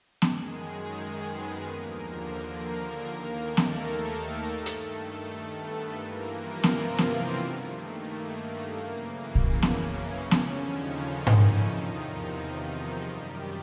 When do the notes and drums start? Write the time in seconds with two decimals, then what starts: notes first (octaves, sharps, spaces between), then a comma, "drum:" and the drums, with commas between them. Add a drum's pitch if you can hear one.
0.22 F#2 D#3 G#3 G#4, drum: snare B3
1.29 B3 B4
1.64 D#2 D3 F3 A#3 A#4
2.00 A#3 A#4
2.71 A#3 A#4
3.07 D#2 D#3
3.43 A3 A4
3.57 drum: snare B3
3.78 A#3 A#4
4.14 A#3 A#4
4.49 G2 D#3 A3 A4
4.66 drum: hi-hat
5.21 A3 A4
5.57 B3 B4
5.92 G2 E3 A#3 A#4
6.28 F3 F4
6.64 C3 C4, drum: snare B3
6.98 B2 B3, drum: snare B3
7.34 G2 D#3 A3
7.70 A#3
8.06 A3
8.77 F#2 C#3 E3 A#3
9.35 drum: kick A#1
9.48 C#3 C#4
9.62 drum: snare B3
10.20 D#2 D3 F3
10.31 drum: snare B3
10.55 D#3 D#4
11.27 E3 E4, drum: tom G#2
11.62 E2 C3 D#3 F3 D#4
11.98 D#3 D#4
13.05 F#2 D#3 G3 G4